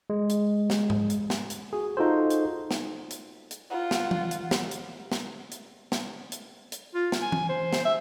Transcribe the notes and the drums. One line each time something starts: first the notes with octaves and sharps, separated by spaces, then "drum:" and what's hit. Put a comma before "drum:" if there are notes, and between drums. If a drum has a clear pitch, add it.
G#3
drum: hi-hat
drum: snare
drum: tom G#2
drum: hi-hat
drum: snare
drum: hi-hat
F#4 G#4
D#4 F4 F#4 A4 C5
drum: hi-hat
drum: snare
drum: hi-hat
drum: hi-hat
F4 F#5
drum: snare
drum: tom E3
drum: hi-hat
drum: snare
drum: hi-hat
drum: snare
drum: hi-hat
drum: snare
drum: hi-hat
drum: hi-hat
F4
drum: snare
G#5
drum: tom E3
C5
drum: snare
E5